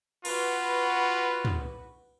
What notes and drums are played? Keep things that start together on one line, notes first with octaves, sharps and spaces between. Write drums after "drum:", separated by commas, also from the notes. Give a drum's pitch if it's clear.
F4 F#4 B4, drum: cymbal
drum: tom